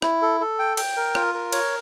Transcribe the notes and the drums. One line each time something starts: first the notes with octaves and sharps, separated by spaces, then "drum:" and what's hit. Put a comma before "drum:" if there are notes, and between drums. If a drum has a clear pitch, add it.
E4, drum: rim click
A4
A4
G5
G5, drum: cymbal
A#4
F4, drum: rim click
A#4
C#5, drum: cymbal